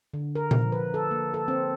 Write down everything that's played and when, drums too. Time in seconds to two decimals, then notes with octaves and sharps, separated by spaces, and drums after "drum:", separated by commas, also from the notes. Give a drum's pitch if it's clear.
0.14 D3
0.35 A#4
0.51 F3, drum: tom A#2
0.72 B4
0.94 A4
1.11 A#3
1.34 A4
1.48 C4